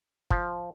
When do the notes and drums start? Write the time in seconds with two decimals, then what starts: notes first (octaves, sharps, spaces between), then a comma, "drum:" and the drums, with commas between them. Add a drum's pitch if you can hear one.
0.30 F3, drum: kick